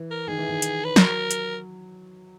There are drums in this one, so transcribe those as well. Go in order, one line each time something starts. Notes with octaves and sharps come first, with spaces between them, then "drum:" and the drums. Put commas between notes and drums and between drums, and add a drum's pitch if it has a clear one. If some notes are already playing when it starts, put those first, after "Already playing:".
Already playing: E3
A#4
D#3 G#4
E3
D#3
drum: hi-hat
B4
F#3 A#4, drum: snare
drum: hi-hat